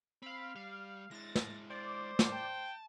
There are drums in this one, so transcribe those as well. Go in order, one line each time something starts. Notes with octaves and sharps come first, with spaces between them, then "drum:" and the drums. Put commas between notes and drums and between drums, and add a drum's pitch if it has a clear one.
C4 F5 B5
G3 F5
G#3 E4 A6 A#6
drum: snare
C5 D5
drum: snare
G5 A5